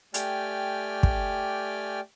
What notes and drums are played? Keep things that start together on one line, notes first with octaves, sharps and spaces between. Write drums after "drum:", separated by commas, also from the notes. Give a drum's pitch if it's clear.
A3 G4 D5 G5 G#5 F6, drum: hi-hat
drum: kick